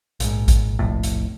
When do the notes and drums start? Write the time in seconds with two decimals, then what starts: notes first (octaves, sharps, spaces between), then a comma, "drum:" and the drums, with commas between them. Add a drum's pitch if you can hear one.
0.20 A#1 G#2, drum: hi-hat
0.48 drum: kick A1, hi-hat
0.79 F1 B1 F2 A2
1.03 drum: hi-hat